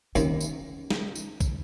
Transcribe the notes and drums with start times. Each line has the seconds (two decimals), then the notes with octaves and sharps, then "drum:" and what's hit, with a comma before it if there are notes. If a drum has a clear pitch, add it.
0.16 D#2 C#4, drum: tambourine
0.41 drum: tambourine
0.90 drum: snare
1.15 drum: tambourine
1.40 drum: kick B1, tambourine